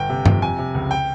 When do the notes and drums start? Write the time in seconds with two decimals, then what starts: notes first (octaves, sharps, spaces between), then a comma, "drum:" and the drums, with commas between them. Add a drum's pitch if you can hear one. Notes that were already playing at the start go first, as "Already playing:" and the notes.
Already playing: G1 G5
0.10 C3
0.26 F2, drum: tom G2
0.42 C3 G#5
0.59 C3
0.75 C#2
0.91 G5